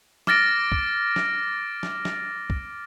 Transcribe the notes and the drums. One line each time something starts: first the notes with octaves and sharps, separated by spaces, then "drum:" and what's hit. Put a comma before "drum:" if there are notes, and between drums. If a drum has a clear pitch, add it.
D6 F6 A6 A#6 D7, drum: snare
drum: kick
drum: snare
drum: snare
drum: snare
drum: kick